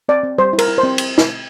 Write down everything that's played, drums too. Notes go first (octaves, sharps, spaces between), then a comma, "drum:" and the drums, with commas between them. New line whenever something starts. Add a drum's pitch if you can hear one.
C4 D5
C4
G3 C5
E4
A#4, drum: cymbal
E4
C5
C4
drum: cymbal
drum: snare